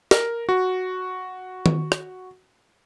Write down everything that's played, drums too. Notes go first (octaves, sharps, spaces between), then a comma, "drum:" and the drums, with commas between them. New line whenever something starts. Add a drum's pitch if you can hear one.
A#4, drum: snare
F#4
drum: tom D#3
drum: rim click